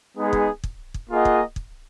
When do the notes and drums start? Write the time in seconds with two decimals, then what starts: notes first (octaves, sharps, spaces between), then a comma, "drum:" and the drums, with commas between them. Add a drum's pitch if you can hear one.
0.17 G#3 B3 D#4 G#4
0.33 drum: kick
0.64 drum: kick
0.94 drum: kick
1.10 A#3 F4 G#4 D#5 F#5
1.25 drum: kick
1.56 drum: kick